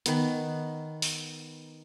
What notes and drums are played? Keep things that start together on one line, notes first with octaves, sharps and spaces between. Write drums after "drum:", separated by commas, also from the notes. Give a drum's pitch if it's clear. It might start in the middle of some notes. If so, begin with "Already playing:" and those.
D#3 B3, drum: hi-hat
drum: open hi-hat